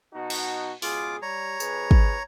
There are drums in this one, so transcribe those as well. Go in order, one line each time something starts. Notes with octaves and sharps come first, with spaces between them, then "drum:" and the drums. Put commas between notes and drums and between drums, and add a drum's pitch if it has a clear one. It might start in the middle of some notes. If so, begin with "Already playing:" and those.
B2 D#4 F#4
drum: cymbal
C#2 B2 F4 G#4 D6, drum: open hi-hat
G3 C#5 A#5
F2 G#4 B4, drum: tambourine
drum: kick